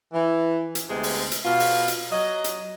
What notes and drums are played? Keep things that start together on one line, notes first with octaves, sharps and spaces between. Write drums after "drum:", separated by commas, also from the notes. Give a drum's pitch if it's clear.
E3
drum: hi-hat
D2 C3 G#3 B3
drum: open hi-hat
drum: hi-hat
B2 F4
drum: open hi-hat
drum: hi-hat
F#3 D#5
drum: hi-hat